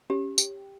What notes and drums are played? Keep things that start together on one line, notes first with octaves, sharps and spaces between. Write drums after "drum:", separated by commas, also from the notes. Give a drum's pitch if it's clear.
C#4 G4
G4, drum: tambourine